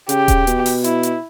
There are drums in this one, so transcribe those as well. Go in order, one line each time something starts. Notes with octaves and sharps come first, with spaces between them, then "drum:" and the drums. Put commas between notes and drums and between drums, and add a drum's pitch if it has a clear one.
C#3 G4, drum: hi-hat
drum: kick D#1, hi-hat
B2, drum: hi-hat
drum: open hi-hat
E4, drum: hi-hat
drum: hi-hat